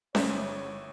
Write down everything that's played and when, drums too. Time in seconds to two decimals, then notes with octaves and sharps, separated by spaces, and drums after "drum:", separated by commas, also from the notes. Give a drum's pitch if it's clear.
0.15 G1 G#2 C#3 E4 C5 C#5 E5, drum: snare C#4